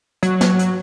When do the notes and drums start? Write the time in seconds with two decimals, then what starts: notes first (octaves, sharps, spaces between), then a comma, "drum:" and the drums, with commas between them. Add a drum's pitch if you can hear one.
0.23 F#3, drum: hi-hat
0.41 drum: snare
0.59 drum: hi-hat